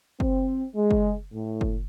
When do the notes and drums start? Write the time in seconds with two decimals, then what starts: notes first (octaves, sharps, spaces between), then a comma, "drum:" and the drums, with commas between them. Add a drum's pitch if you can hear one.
0.20 C4, drum: kick F#1
0.76 G#3
0.91 drum: kick F#1
1.34 A2
1.61 drum: kick F#1